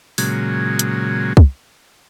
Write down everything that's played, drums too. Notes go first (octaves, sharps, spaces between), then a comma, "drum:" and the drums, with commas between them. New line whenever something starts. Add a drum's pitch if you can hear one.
A#2 C#3 F#3 G#3, drum: open hi-hat
drum: hi-hat
drum: kick